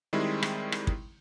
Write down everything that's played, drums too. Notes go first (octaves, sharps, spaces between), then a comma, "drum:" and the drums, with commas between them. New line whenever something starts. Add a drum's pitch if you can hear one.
D#3 G3 G#3 C4 E4
drum: rim click
drum: rim click
drum: kick